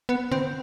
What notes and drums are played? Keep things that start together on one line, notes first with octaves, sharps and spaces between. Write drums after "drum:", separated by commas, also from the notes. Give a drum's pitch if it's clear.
B3
C4, drum: tom D3